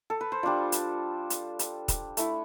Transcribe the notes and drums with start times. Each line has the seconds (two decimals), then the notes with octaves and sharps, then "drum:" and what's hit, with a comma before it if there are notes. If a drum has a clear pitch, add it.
0.10 A4
0.21 B4
0.32 C5
0.43 G3 D4 F4 D5
0.72 drum: hi-hat
1.30 drum: hi-hat
1.59 drum: hi-hat
1.88 drum: kick, hi-hat
2.17 A3 E4, drum: hi-hat